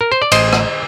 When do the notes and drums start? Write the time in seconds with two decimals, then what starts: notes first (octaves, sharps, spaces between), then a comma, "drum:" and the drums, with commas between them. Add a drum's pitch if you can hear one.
0.01 A#4
0.12 C5
0.22 D5
0.32 A1 C5 D#5, drum: cymbal
0.53 drum: rim click